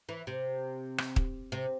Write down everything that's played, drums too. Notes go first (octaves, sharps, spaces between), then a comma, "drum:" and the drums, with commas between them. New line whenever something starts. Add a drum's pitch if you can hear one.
E3
C3
drum: rim click
drum: kick
C3